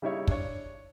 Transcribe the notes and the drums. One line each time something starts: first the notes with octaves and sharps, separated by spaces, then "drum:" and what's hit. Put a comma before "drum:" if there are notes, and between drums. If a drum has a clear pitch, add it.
C#3 G3 D#4 E4 C#5
D4 C#5, drum: kick